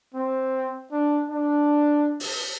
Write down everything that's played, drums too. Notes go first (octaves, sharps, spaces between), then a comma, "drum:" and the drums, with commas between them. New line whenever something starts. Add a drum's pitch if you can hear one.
C4
D4
D4
drum: open hi-hat